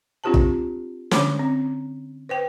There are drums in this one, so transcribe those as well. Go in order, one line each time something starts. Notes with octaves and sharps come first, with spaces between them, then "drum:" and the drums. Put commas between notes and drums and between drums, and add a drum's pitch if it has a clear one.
C4 D4 F4 G4 C5 A5
drum: kick
D3 C#4 D4 C5 D6, drum: snare
C4
B4 C5 G5